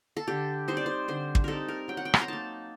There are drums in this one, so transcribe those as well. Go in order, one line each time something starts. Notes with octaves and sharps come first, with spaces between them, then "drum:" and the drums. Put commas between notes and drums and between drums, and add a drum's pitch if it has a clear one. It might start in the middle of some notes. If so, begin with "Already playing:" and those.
A4
D3 G4
G3 C4 D#4 C5
D5
C5
D3 C5
drum: kick
G3 C4 D#4 A4 A#4
A#4
F#3 G5
F#5
G5
C6, drum: rim click
A#5
A#3 D#4 A5